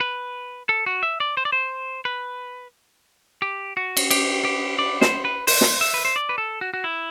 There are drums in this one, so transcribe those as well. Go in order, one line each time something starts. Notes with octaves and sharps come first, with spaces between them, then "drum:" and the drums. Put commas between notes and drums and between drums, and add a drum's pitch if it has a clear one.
B4
A4
F#4
E5
D5
C5
D5
C5
B4
G4
F#4
drum: cymbal
G4, drum: cymbal
G4
D5
C5, drum: snare
B4
C5, drum: open hi-hat
drum: snare
E5
B4
C5
D5
B4
A4
F#4
F#4
E4